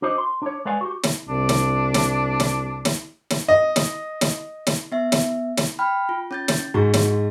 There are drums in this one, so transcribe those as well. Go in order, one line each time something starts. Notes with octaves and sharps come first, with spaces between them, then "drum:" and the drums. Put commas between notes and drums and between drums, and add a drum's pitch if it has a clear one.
D4 F#4 C5 D#5
C6
D4 C#5
G#3 B4 D5 F5 G#5
F#4 G4
drum: snare
C2 D4
drum: snare
drum: snare
drum: snare
drum: snare
drum: snare
D#5
drum: snare
drum: snare
drum: snare
B3 E5
drum: snare
drum: snare
G5 B5 F6
F4
C#4 G6 A6
drum: snare
G#2 F#4 C#6
drum: snare